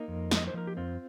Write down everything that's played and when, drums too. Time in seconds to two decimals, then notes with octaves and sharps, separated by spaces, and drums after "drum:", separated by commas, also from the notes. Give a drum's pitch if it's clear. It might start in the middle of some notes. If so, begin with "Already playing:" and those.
Already playing: A#3 D#4
0.08 F2
0.31 F3, drum: snare
0.37 D#5
0.47 C5
0.54 F3 A#4
0.67 G4
0.77 F2 C4 F4